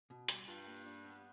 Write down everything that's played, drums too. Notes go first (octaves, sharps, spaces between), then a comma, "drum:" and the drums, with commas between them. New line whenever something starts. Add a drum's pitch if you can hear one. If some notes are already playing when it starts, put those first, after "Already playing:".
B2
G3, drum: hi-hat
G2 F4
A#3
D4
B3